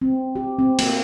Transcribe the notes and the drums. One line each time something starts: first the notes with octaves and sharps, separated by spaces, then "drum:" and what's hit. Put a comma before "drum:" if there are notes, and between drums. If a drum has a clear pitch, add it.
C4
G4
C4
A#3, drum: cymbal